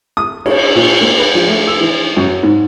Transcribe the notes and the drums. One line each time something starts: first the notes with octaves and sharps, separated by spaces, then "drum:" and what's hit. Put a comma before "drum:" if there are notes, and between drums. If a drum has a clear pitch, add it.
D#6
C#5, drum: cymbal
A#2
A#3
B4
F3
A3
E6
E3
F#2
G#2